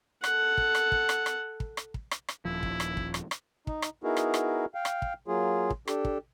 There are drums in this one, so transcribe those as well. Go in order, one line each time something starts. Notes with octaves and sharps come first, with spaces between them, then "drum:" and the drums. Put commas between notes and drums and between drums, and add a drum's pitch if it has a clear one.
A4 F#5, drum: rim click
drum: kick
drum: rim click
drum: kick
drum: rim click
drum: rim click
drum: kick
drum: rim click
drum: kick
drum: rim click
drum: rim click
D#1 F3 E4
drum: kick
drum: rim click
drum: kick
drum: rim click
drum: rim click
D#4, drum: kick
drum: rim click
B3 D#4 E4 F#4 G#4 A#4
drum: rim click
drum: rim click
F5 G5
drum: rim click
drum: kick
F#3 A#3 F4 G#4
drum: kick
D4 G4 A4, drum: rim click
drum: kick